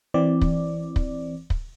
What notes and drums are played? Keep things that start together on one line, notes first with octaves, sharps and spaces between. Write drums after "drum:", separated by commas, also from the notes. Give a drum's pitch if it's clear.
E3 C4 D5
drum: kick
drum: kick
drum: kick